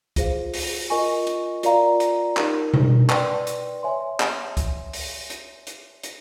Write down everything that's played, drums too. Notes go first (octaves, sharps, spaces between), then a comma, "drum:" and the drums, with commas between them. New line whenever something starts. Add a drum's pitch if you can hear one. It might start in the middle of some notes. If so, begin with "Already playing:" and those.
F4 G#4 C5 F5, drum: kick C#2, hi-hat
drum: open hi-hat
F4 A#4 D#5 G#5 C#6
drum: hi-hat
F4 A#4 D5 F5 A#5, drum: hi-hat
drum: hi-hat
D#4 G4 A#4, drum: clap
drum: tom B2
B4 D5 G5 C6, drum: clap
drum: hi-hat
C#5 E5 G#5 C6
drum: clap
drum: kick C#2, hi-hat
drum: open hi-hat
drum: hi-hat
drum: hi-hat
drum: hi-hat